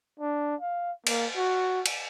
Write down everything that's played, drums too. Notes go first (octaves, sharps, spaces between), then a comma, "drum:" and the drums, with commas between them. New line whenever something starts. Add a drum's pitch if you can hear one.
D4
F5
A#3, drum: cymbal
F#4
drum: cymbal